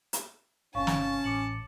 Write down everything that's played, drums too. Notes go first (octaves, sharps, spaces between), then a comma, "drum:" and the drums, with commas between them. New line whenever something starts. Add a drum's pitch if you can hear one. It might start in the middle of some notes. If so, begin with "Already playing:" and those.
drum: hi-hat
G1 C3 C#4 F5 A5 C#6
drum: snare
A1 D6 C#7 F#7